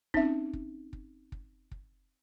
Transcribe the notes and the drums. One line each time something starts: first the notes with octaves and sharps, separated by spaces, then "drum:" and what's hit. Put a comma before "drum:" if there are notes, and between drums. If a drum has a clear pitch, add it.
C4 C#4 D#4 E5, drum: kick
drum: kick
drum: kick
drum: kick
drum: kick